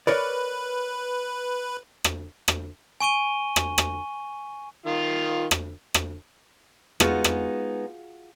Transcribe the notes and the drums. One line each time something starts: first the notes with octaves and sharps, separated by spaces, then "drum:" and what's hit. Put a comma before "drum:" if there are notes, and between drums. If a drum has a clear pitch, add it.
A#4 B4 C#5 D5
drum: rim click
drum: rim click
G#5 C#6 D#7 G7
drum: rim click
drum: rim click
D#3 F4 F5
drum: rim click
drum: rim click
G#3 B3 D#4 F4 F#4 G#4, drum: rim click
drum: rim click